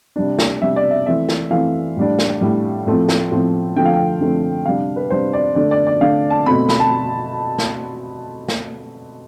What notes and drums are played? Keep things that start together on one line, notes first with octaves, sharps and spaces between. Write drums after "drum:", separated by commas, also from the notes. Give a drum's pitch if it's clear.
C3 G3 D4
drum: snare
C3 G3 D4 E5
D5
E5
E3 A3 C4 E5
drum: snare
E3 A3 C4 F5
A2 G3 D4
drum: snare
A2 G3 D4
A2 F3 A3 C4
drum: snare
A2 F3 A3 C4
D3 F3 A3 C4 G5
F5
G5
D3 F3 A3 C4
C3 G3 D4 F5
B4
C3 G3 D4 C5
D5
D3 A3 D4 D5
D5
D5
D3 A3 D4 F5
A5
B2 A3 C4 B5
B5, drum: snare
A5
drum: snare
drum: snare